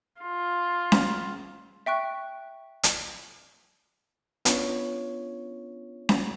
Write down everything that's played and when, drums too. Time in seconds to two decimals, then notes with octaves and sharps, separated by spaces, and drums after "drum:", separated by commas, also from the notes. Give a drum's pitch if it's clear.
0.21 F4
0.92 drum: snare C#4
1.86 E5 G5 C#6 F#6
2.83 drum: hi-hat
4.45 B3 C#4 D4 F4 C#5, drum: hi-hat
6.09 drum: snare C#4